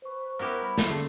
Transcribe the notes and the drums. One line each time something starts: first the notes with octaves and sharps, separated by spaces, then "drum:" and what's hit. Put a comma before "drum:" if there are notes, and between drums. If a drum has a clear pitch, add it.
B4 C5 C#6
B3 E4 G4 A#4 B4
G3 B5
D3 A3 C5, drum: snare
A#3 C#4 G#4 A5